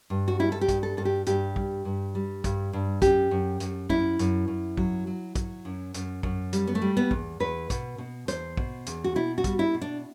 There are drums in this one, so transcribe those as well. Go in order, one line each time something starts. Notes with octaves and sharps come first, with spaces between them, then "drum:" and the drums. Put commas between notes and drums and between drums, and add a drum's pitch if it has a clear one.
G2
F#4
G3 E4
A4
G4
G2, drum: kick, hi-hat
A4
G2 A4
G4
G2 G4, drum: hi-hat
G3, drum: kick
G2
G3
G2, drum: kick, hi-hat
G2
F#2 G4, drum: kick, hi-hat
F#2
F#2, drum: hi-hat
F#2 E4, drum: kick
F#2, drum: hi-hat
F#2
F#3, drum: kick
F#3
F#3, drum: kick, hi-hat
F#2
F#2, drum: hi-hat
F#2, drum: kick
G3, drum: hi-hat
B3
A3
G3
B3
E2, drum: kick
E2 B4
B2, drum: kick, hi-hat
B2
E2 C5, drum: hi-hat
B2, drum: kick
E2, drum: hi-hat
F#4
B2 E4
F#4
G3, drum: kick, hi-hat
E4
B2
D4